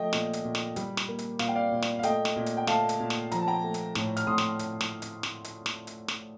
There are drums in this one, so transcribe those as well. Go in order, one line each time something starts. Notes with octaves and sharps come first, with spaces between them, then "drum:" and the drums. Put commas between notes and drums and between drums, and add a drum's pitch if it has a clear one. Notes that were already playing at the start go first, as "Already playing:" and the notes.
Already playing: F3 A3 D#5 G5
A#2, drum: snare
drum: hi-hat
A#2
drum: snare
G3, drum: hi-hat
drum: snare
A#3
drum: hi-hat
A#2 F5, drum: snare
G5
D5 F5
A#2
drum: snare
F5
A3 D#5 G5, drum: hi-hat
drum: snare
A#2
drum: hi-hat
G5
A3 F5 A5, drum: snare
drum: hi-hat
A#2
drum: snare
F3 A#5, drum: hi-hat
A5
G5 A#5
A3
drum: hi-hat
A2, drum: snare
F6, drum: hi-hat
A2 C6 D#6
drum: snare
drum: hi-hat
drum: snare
drum: hi-hat
drum: snare
drum: hi-hat
drum: snare
drum: hi-hat
drum: snare